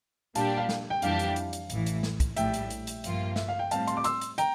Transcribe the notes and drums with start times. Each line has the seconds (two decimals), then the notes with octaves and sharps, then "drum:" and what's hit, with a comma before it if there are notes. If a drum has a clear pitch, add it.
0.35 A#2 G3 D4 G4 F5 A5, drum: hi-hat
0.57 F5
0.69 drum: snare
0.90 G5
1.02 F2 E3 G3 D4 G4 F5, drum: hi-hat
1.19 drum: hi-hat
1.36 drum: hi-hat
1.53 drum: hi-hat
1.70 A1 A2 E3, drum: hi-hat
1.86 drum: hi-hat
2.03 drum: snare
2.20 drum: kick, hi-hat
2.36 A#1 A2 G3 E5 G5, drum: hi-hat
2.54 drum: hi-hat
2.70 drum: hi-hat
2.87 drum: hi-hat
3.04 G2 F3 A#3 F4, drum: hi-hat
3.36 E5, drum: snare
3.48 F5
3.59 G5
3.71 A2 G3 C4 F5 A5, drum: hi-hat
3.88 C6, drum: hi-hat
3.97 D6
4.04 C6 E6, drum: hi-hat
4.21 drum: hi-hat
4.38 G5 A#5, drum: hi-hat